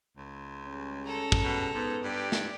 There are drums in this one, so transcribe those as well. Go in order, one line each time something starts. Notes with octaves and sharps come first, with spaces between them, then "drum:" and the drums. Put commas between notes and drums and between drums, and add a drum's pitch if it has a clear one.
C#2
G3 G#3 C#4
A4 A#5
drum: kick
B2
G#2 B3
G2 G4 D5
drum: snare